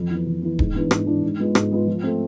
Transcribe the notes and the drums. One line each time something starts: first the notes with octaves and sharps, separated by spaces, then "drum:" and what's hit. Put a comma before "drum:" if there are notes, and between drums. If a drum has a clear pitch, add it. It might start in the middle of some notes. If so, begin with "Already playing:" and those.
Already playing: F2
E3 B3
F2
E3 B3
G#2, drum: kick D#1
E3 B3 D4
G#2, drum: rim click
E3 B3 D4
G#2
G#3 B3 F4
G#2, drum: rim click
G#3 B3 F4
F3
A3 C4